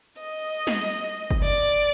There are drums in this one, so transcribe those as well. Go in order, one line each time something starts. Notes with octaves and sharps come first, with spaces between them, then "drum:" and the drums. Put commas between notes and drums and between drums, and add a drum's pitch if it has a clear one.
D#5
drum: snare
drum: kick
D5, drum: open hi-hat